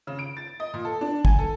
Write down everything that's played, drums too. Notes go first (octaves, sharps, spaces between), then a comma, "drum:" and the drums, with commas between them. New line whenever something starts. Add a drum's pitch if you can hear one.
C#3
D7
A6
D#5
A#2
A4
D4
G#5, drum: kick
A4